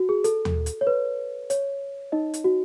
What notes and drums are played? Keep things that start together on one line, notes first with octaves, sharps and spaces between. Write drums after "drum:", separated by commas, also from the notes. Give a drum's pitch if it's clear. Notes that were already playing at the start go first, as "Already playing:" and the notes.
Already playing: F#4
G#4
A4, drum: hi-hat
drum: tom D#2
drum: hi-hat
C#5
B4
C#5, drum: hi-hat
D#4 D#5
drum: hi-hat
F#4